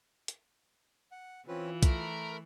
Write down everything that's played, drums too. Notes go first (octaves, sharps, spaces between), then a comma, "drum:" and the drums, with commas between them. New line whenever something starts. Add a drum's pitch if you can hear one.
drum: hi-hat
F#5
E3 C4 C#4 F4 B4
A3 A#4 B5, drum: kick, hi-hat